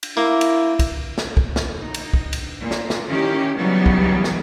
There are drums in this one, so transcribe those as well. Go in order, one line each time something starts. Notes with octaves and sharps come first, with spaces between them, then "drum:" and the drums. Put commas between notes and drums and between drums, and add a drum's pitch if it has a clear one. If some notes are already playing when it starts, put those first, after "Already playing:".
drum: cymbal
A#3 E4
drum: cymbal
drum: kick, cymbal
drum: snare
drum: kick
drum: snare
D#4
drum: cymbal
drum: kick
drum: cymbal
A#2
drum: snare
drum: snare
D#3 C#4 E4 G4
C#3 E3 F#3 G3 B3 D#4
drum: kick
drum: snare